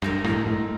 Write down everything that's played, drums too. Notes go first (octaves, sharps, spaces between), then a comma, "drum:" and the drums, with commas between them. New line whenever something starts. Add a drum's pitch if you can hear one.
G2 C4 D#4 A#4, drum: rim click
A2, drum: rim click
A2